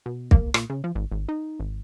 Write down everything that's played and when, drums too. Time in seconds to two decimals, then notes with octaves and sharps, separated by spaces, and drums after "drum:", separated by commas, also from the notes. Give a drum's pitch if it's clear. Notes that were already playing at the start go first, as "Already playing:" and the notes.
0.06 B2
0.31 A#3, drum: kick
0.54 A#2, drum: rim click
0.70 C#3
0.84 F3
0.95 G#1
1.12 G#1
1.29 D#4
1.60 G#1